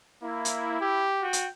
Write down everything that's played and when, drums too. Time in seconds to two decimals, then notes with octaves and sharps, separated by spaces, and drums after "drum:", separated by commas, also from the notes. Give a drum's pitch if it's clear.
0.23 A#3 E4
0.45 drum: hi-hat
0.81 G4
1.21 F#4 G5
1.33 drum: hi-hat